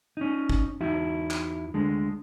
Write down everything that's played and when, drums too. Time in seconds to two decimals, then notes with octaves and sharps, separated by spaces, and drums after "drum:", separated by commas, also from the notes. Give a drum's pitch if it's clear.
0.17 C#4 D#4
0.49 drum: kick
0.80 E2 D#4 E4 F#4 E5
1.31 drum: clap
1.74 D2 D3 G#3